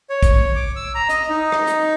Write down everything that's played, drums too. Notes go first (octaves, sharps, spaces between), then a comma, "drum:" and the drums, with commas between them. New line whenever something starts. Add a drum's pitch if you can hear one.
C#5
drum: kick A#1, hi-hat
D6
E6
A#5
D#5, drum: hi-hat
D#4
drum: rim click
drum: hi-hat